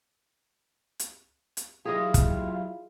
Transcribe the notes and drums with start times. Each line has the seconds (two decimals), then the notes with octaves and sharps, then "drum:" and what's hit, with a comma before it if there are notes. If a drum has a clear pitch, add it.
0.99 drum: hi-hat
1.57 drum: hi-hat
1.86 F#3 E4 F4 G4 G#4 A#4 D#5
2.14 drum: kick, hi-hat